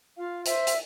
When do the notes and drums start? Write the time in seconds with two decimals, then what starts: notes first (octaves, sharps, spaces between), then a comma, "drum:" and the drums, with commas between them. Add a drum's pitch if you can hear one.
0.17 F4 F5
0.45 C5 E5, drum: hi-hat
0.67 drum: hi-hat